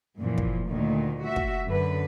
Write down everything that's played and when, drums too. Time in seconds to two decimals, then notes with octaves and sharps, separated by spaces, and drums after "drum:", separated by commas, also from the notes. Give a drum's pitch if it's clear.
0.18 F#2 A#2 E3 F3
0.38 drum: kick
0.68 D2 A#2 D#3
1.25 F#4 E5
1.36 drum: kick
1.67 F#2 D3 B4